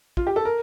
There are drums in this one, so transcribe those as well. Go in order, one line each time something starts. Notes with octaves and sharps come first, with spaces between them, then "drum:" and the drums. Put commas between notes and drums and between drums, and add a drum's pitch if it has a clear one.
F4, drum: kick
G4
A4
A#4